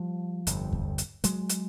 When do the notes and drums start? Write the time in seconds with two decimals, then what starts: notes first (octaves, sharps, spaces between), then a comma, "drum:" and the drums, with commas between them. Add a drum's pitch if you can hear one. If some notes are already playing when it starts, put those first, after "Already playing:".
Already playing: F3 G3
0.47 G1 F2 C3, drum: hi-hat
0.72 drum: kick D#2
0.98 drum: hi-hat
1.24 F#3 G#3, drum: hi-hat
1.49 drum: hi-hat